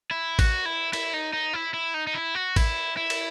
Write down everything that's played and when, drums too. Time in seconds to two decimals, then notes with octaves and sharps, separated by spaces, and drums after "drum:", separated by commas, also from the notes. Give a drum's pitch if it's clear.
0.11 E4
0.39 F#4, drum: kick A1, cymbal
0.65 E4
0.93 E4, drum: cymbal
1.13 D#4
1.33 D#4
1.53 E4
1.74 E4
1.94 D#4
2.07 D#4
2.14 E4
2.35 F#4
2.56 E4, drum: kick A1, cymbal
2.97 E4
3.10 drum: cymbal